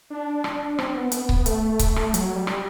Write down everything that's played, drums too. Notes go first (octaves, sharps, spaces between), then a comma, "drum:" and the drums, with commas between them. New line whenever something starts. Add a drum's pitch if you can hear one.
D4
drum: rim click
C4, drum: rim click
B3
B3, drum: hi-hat
B3, drum: kick C#1
A3, drum: hi-hat
drum: kick C#1, hi-hat
drum: rim click
F#3, drum: hi-hat
G3
drum: rim click